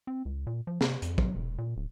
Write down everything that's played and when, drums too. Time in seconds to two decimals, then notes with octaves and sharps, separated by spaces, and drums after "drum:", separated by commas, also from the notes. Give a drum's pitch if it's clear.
0.07 C4
0.25 C#2
0.47 A#2
0.67 F3
0.81 C3, drum: snare
1.02 F2, drum: hi-hat
1.18 F#3, drum: kick
1.36 E1
1.58 A#2
1.76 D1